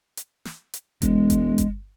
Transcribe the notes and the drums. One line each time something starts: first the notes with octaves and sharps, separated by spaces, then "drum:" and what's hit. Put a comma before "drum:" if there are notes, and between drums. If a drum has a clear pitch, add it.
drum: hi-hat
drum: snare
drum: hi-hat
E1 G#3, drum: kick G1, hi-hat
drum: kick G1, hi-hat
drum: kick G1, hi-hat